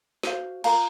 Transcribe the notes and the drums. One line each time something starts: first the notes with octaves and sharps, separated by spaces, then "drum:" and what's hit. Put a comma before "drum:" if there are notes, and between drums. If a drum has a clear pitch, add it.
F#4 C5 F5, drum: snare
F4 A#4 F5 A#5, drum: cymbal